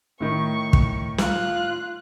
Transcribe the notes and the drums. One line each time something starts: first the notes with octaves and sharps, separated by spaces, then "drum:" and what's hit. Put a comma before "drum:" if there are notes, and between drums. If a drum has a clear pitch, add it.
A2 D#3 C#6
drum: kick
F4 F#6, drum: snare